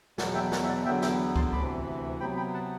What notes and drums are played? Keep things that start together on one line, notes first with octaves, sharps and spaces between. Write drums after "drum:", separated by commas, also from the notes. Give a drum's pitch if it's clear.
E2 B2 F#3 D5 F#5, drum: snare
E5 G5
D5 F#5, drum: snare
E5
D5 F#5
E2 D3 F#3 B3 E5 G5
E5 G5, drum: snare
A5 C6, drum: kick C#2
D2 C3 E3 B5 D6
C3 F#3 B3 G5 B5
G5 B5
F#5 A5